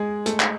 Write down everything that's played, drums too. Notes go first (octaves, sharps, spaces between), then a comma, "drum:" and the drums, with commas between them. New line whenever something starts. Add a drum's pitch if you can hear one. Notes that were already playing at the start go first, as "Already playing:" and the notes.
Already playing: G#3 G#4
A3 A4, drum: hi-hat
drum: clap